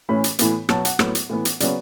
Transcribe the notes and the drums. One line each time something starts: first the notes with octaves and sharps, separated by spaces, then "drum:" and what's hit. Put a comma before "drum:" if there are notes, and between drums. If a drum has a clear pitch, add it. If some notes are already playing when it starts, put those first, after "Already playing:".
A2 E3 A3 C#4 B5
drum: hi-hat
A2 E3 B3, drum: hi-hat
B2 F#3 B3 A5, drum: rim click
F#5, drum: hi-hat
A2 F#3 B3, drum: rim click
drum: hi-hat
A2 E3 B3
drum: hi-hat
C#3 F#3 B3 D5, drum: hi-hat